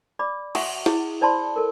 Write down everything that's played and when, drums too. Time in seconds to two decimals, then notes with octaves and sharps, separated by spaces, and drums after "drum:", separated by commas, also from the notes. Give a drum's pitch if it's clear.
0.19 D5 B5 D6
0.55 F#4 E5 F#5 C#6 D#6, drum: cymbal
0.86 E4 G#4, drum: snare
1.21 C5 D5 A5 B5 C6
1.56 A4 A#4